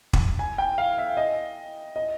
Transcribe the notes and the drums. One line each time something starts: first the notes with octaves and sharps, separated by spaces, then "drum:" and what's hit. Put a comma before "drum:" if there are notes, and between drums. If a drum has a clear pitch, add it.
drum: kick
G#5
G5
F5
E5
D#5
D#5